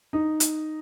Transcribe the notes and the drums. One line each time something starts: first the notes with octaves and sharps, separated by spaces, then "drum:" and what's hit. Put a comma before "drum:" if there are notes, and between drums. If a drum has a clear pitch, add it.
D#4
drum: hi-hat